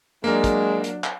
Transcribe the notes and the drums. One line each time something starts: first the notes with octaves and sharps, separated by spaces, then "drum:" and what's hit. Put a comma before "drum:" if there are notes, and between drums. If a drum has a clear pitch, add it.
F#3 G#3 A#3 D4 A#4
drum: kick, hi-hat
drum: hi-hat
drum: clap